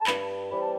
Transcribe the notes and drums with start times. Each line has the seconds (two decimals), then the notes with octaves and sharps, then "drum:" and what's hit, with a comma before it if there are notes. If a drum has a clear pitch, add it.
0.01 A5
0.07 G2 B5, drum: clap
0.50 E3 G3 C4 B5
0.61 A5